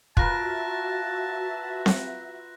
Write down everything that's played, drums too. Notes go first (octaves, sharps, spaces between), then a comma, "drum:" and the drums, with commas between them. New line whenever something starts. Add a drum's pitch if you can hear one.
F4 F#4 A#4 B4 E5 A5 F#6 A#6, drum: kick
drum: snare C4